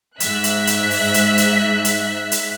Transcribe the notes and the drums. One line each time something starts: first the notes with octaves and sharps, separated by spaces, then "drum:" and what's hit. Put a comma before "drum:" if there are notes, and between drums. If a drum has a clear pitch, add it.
G#2 E5 F#6 B6, drum: hi-hat
drum: hi-hat
drum: hi-hat
drum: open hi-hat
drum: hi-hat
drum: hi-hat
drum: hi-hat
drum: hi-hat